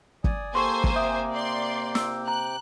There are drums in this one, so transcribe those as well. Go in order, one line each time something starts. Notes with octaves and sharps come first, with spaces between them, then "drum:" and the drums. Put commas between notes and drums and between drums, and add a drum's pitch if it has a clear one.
D5 G#5 D#6, drum: kick
A#3 G4 A4 C5 G#5 C6 C#6
drum: kick
C3 E5 G5 D6 D#6 G6
D5 C6
E6, drum: snare
A#5 F#6